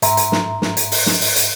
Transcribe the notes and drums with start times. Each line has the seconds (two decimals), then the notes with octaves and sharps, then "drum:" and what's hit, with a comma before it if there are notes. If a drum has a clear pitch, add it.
0.02 G#2 E5 A#5 C6, drum: hi-hat
0.17 drum: hi-hat
0.32 drum: snare
0.62 drum: snare
0.77 drum: hi-hat
0.92 drum: open hi-hat
1.06 drum: snare
1.21 drum: open hi-hat
1.36 drum: hi-hat